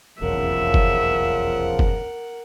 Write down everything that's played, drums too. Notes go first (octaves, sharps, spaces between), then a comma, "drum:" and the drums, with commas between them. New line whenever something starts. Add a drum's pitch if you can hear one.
F1 B1 E2 C#3 F3 A#4 E5 F#5
drum: kick
drum: kick